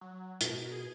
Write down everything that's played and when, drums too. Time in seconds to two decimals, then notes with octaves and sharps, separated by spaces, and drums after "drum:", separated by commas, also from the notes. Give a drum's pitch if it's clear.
0.01 F#3
0.41 B2 A#4, drum: hi-hat
0.72 G#4